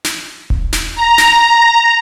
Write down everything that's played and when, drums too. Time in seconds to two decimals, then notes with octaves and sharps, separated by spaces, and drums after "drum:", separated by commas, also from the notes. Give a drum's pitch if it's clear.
0.05 drum: snare
0.50 drum: kick D#1
0.73 drum: snare
0.95 A#5
1.18 drum: snare